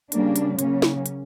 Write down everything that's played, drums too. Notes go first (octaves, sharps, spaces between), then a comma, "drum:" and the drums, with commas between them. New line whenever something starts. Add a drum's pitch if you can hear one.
C#3 G3 A#3 D4, drum: hi-hat
drum: hi-hat
C#3 F#3 A#3 C#4, drum: hi-hat
drum: snare
drum: hi-hat